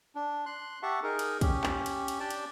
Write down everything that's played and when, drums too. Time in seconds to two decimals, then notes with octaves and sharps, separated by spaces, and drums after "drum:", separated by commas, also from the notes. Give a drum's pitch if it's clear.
0.15 D4
0.46 C6 F#6
0.83 G4 E5 F#5 A5 C#6
1.03 D#4 G#4 A#4
1.19 drum: cymbal
1.41 C#4 G4, drum: kick, cymbal
1.64 drum: clap
1.86 drum: cymbal
2.08 drum: cymbal
2.20 D4 G4 D5 G5 A5
2.30 drum: cymbal